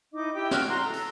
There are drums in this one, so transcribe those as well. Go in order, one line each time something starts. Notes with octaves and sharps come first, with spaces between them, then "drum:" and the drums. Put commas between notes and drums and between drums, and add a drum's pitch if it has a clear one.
D#4 E4 D#5 D6
E4 G4 G5
F#4 F6, drum: snare
F#4 A#5 C6
A4 A#5
drum: open hi-hat